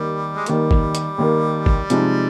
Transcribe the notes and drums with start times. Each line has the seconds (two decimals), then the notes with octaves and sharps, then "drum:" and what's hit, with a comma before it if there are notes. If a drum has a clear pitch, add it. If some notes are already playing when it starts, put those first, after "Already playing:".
Already playing: D#2 D#3 G3 A#3
0.36 G#3
0.46 D#2 D#3 G3 A#3, drum: hi-hat
0.71 drum: kick
0.95 drum: hi-hat
1.18 D#2 D#3 A#3
1.66 drum: kick
1.90 C3 F3 G#3 D#4, drum: hi-hat